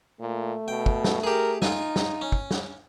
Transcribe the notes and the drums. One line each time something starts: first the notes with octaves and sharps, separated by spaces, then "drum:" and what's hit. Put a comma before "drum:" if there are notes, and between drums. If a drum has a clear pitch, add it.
A#2 A3
B2 G5
drum: kick
drum: snare
G4 G#4 A#4
D#4 F4 G#5, drum: snare
drum: snare
C#4
drum: kick
drum: snare